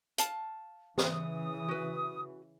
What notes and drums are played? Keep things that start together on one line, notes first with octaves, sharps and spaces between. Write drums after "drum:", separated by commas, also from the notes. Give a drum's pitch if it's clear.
F5 A5, drum: hi-hat
C#3 E3 D#6, drum: snare
F#4 B4